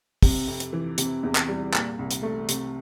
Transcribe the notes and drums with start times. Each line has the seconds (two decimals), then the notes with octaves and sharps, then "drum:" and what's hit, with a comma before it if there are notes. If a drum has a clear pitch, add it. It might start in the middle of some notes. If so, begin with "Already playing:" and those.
0.23 C3, drum: kick, open hi-hat
0.47 F2
0.60 drum: hi-hat
0.73 E3
0.98 C3, drum: hi-hat
1.23 E2
1.35 drum: clap
1.49 G3
1.74 A#2, drum: clap
1.99 C2
2.11 drum: hi-hat
2.22 A3
2.49 C3, drum: hi-hat